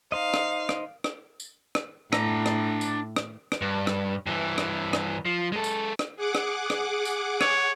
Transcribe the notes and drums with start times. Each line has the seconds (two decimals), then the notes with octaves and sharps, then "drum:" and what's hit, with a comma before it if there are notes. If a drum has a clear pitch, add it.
0.12 D#4 C5 D#5 F5
0.34 drum: rim click
0.69 drum: rim click
1.04 drum: rim click
1.40 drum: tambourine
1.75 drum: rim click
2.13 A2 D4 A#5, drum: rim click
2.46 drum: rim click
2.81 drum: tambourine
3.16 drum: rim click
3.52 drum: rim click
3.62 G2
3.87 drum: rim click
4.26 G2 E3
4.58 drum: rim click
4.93 drum: rim click
5.25 F3
5.52 G#3 A4
5.64 drum: tambourine
5.99 drum: rim click
6.16 G#4 F#5 D6
6.35 drum: rim click
6.70 drum: rim click
7.05 drum: tambourine
7.41 C#5, drum: rim click